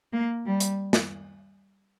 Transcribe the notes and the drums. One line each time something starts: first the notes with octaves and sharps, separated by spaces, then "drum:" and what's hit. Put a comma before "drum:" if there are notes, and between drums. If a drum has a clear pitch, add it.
A#3
G3
drum: hi-hat
drum: snare